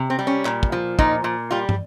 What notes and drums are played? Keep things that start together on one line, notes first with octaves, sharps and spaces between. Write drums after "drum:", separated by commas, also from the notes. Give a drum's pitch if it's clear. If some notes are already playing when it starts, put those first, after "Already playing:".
Already playing: C3
C4
G3
C#4
A#2, drum: clap
drum: kick
F3
A#2 D#4, drum: kick
A#2
G3 F4
drum: tom